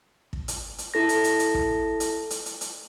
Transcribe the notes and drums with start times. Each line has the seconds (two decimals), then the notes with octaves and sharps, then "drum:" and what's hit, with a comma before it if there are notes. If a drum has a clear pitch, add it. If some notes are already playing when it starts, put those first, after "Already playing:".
0.33 drum: kick
0.48 drum: hi-hat
0.78 drum: hi-hat
0.94 E4 A4 A#6
1.09 drum: hi-hat
1.24 drum: hi-hat
1.39 drum: hi-hat
1.54 drum: kick
2.00 drum: hi-hat
2.30 drum: hi-hat
2.46 drum: hi-hat
2.61 drum: hi-hat